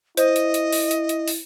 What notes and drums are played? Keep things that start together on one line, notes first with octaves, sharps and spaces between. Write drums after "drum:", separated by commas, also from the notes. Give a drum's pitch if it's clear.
E4 C5 D#5, drum: hi-hat
drum: hi-hat
drum: hi-hat
drum: open hi-hat
drum: hi-hat
drum: hi-hat
drum: open hi-hat